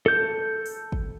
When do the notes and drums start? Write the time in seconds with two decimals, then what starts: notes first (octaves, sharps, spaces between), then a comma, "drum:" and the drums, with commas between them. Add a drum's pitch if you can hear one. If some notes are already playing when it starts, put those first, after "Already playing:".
0.06 A4 G6
0.66 drum: open hi-hat
0.92 drum: kick